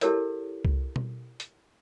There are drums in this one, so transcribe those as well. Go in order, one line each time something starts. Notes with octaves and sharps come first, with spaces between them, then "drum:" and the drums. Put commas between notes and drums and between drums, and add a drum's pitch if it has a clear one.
E4 G4 A4 A#4 C#5 D#5, drum: hi-hat
drum: kick C2
drum: tom B2
drum: hi-hat